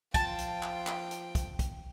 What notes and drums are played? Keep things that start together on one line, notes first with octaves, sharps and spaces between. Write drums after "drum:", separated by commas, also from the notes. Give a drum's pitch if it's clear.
F3 F4 G5 A5, drum: kick, hi-hat
drum: hi-hat
drum: clap
drum: clap
drum: hi-hat
drum: kick, hi-hat
drum: kick, hi-hat